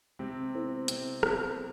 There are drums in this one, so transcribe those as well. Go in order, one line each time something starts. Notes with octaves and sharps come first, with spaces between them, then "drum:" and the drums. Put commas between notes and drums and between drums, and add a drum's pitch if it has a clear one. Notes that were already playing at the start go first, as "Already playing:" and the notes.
C3 G#3 C4
B3 E4 A4 C5
C3 G#3 C4, drum: hi-hat
B3 E4 A4 C5, drum: rim click